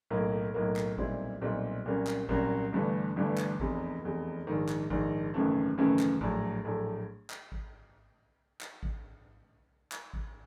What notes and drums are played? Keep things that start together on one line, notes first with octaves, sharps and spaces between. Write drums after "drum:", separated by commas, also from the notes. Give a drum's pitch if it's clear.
B1 A2 F#3 A#3
B1 A2 F#3 A#3
drum: clap
B1 A#2 G3 C4 E4, drum: kick G#1
B1 A#2 G3 C4 E4
C2 A#2 F#3 A#3 C#4
drum: clap
C2 A#2 F#3 A#3 C#4, drum: kick G#1
G1 G2 E3 A3
G1 G2 E3 A3
drum: clap
F1 E2 C3, drum: kick G#1
F1 E2 C3
A#1 G#2 D#3
drum: clap
A#1 G#2 D#3, drum: kick G#1
G#1 F#2 C#3 E3 A3
G#1 F#2 C#3 E3 A3
drum: clap
A#1 A2 F#3 A3, drum: kick G#1
A#1 A2 F#3 A3
drum: clap
drum: kick G#1
drum: clap
drum: kick G#1
drum: clap
drum: kick G#1